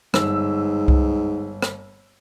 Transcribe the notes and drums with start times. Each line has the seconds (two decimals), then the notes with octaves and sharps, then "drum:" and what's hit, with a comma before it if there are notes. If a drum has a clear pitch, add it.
0.14 G1 G#2 E6, drum: rim click
0.88 drum: kick C2
1.62 drum: rim click